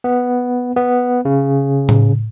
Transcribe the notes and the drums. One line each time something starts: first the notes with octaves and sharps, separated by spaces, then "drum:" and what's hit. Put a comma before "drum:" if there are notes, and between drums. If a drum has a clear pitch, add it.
B3
B3
C#3
drum: tom A2